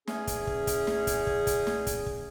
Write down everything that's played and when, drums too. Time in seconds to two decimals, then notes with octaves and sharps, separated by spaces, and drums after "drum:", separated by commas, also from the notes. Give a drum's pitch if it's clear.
0.07 E2 C#4 G#4, drum: snare
0.27 drum: kick, hi-hat
0.47 drum: kick
0.67 drum: kick, hi-hat
0.87 drum: snare
1.07 drum: kick, hi-hat
1.27 drum: kick
1.47 drum: kick, hi-hat
1.67 drum: snare
1.87 drum: kick, hi-hat
2.06 drum: kick